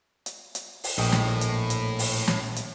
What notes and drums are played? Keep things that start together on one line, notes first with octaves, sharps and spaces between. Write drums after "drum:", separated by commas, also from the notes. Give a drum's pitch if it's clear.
drum: hi-hat
drum: hi-hat
drum: open hi-hat
A#1 A2 D#5 G5
drum: snare
drum: hi-hat
drum: hi-hat
drum: open hi-hat
drum: snare
drum: hi-hat